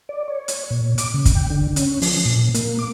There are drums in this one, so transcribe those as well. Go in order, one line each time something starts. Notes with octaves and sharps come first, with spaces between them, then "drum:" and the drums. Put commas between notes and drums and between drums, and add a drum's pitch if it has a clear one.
D5
C#5
drum: hi-hat
A#2
D6, drum: hi-hat
C#3
drum: kick, hi-hat
G5
D3
C#4, drum: hi-hat
F3, drum: open hi-hat
A#2
A#3, drum: hi-hat
D6